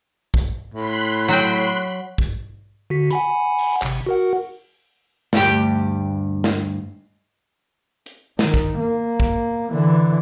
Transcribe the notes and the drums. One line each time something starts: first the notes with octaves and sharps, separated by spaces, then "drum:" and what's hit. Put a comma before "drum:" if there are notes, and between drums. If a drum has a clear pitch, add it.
drum: kick
A2 B5 C6 F#6
F#3 F#4 G5
drum: kick
D3 F#4 B6
F#5 G#5 B5, drum: hi-hat
drum: open hi-hat
G#1 C3, drum: clap
F#4 A#4 F#5
D2 G2 G4, drum: snare
drum: snare
drum: hi-hat
D#3, drum: snare
drum: kick
A#3
drum: kick
D3 E3